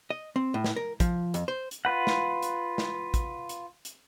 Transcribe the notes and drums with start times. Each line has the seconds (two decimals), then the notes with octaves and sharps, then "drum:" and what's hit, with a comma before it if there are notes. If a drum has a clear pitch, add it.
0.10 D#5
0.36 C4
0.54 A2
0.64 drum: snare
0.76 A#4
1.00 F3, drum: kick, hi-hat
1.34 F2, drum: hi-hat
1.48 C5
1.71 drum: hi-hat
1.85 F4 B4 F#5
2.07 drum: snare
2.43 drum: hi-hat
2.78 drum: snare
3.14 drum: kick, hi-hat
3.49 drum: hi-hat
3.85 drum: hi-hat